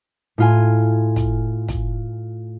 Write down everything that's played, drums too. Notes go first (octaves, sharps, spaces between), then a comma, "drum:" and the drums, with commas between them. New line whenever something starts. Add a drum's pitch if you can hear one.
A2 F4 G#5
drum: kick, hi-hat
drum: kick, hi-hat